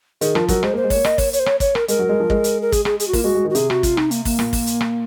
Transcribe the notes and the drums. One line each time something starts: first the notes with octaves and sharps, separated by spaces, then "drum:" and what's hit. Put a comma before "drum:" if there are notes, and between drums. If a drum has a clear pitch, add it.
D#3 G#4, drum: hi-hat
F3 A#4, drum: rim click
F#3 A#4, drum: kick, hi-hat
G#3 C5, drum: rim click
A#3 C5
G#3
A#3 C#5, drum: kick, open hi-hat
A#3 D#5, drum: rim click
C#5, drum: kick, open hi-hat
C#5, drum: hi-hat
C5
C#5, drum: rim click
C#5, drum: kick, hi-hat
A#4, drum: rim click
G#3 A#4, drum: hi-hat
F#3
G#3
F3
G#3, drum: kick
drum: hi-hat
A#4
G#4, drum: kick, hi-hat
G#4, drum: rim click
G#4, drum: hi-hat
F#4
A#3 F4, drum: kick, open hi-hat
G#3 F#4
G#3
D#3
F#4
C3 G#4, drum: hi-hat
F#4, drum: rim click
F4, drum: kick, hi-hat
D#4, drum: rim click
A#3, drum: hi-hat
A#3, drum: kick, open hi-hat
A#2, drum: rim click
drum: kick, open hi-hat
drum: hi-hat
drum: rim click